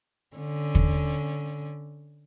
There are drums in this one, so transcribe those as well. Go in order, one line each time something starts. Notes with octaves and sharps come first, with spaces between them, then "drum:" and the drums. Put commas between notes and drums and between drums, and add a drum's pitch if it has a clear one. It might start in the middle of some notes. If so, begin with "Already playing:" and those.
D3 C#4
drum: kick